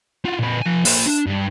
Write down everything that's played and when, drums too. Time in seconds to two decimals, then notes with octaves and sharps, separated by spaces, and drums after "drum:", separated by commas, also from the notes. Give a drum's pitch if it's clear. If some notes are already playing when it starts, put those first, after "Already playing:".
0.25 F4 F#4
0.40 A#2 B4
0.62 F3 G#5
0.85 A#3 C5, drum: open hi-hat
1.06 D4
1.27 G2